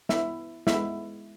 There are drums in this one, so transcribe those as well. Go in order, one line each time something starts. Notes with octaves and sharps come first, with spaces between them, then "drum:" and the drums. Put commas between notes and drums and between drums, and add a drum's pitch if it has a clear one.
B3 E4 E5, drum: snare
G#3 B3 E4 E5, drum: snare